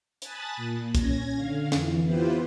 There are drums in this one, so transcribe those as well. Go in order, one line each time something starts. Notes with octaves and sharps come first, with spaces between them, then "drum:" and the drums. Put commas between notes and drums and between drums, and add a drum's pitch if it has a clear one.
G#5 A5 B5 D#6 F#6 A6, drum: hi-hat
A#2
C#4 G#6 A#6, drum: kick, hi-hat
D3 F5
F2 E3, drum: snare
B3 E4 F4 G4 B4 C5